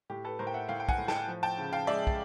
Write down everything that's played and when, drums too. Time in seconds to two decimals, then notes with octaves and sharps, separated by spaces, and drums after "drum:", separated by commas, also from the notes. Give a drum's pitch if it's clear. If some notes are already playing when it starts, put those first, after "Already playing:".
0.10 A2 G4
0.24 A4 B4
0.39 A2 A#4 C5
0.47 G5
0.54 E5 F#5
0.69 A2 F5 G5
0.80 G5
0.89 F#5 G#5, drum: kick
0.98 A2
1.08 G5 A5, drum: snare
1.28 F3
1.43 G5 A5
1.58 C#3
1.73 F5 G5
1.87 G#3 D5 E5
2.07 drum: kick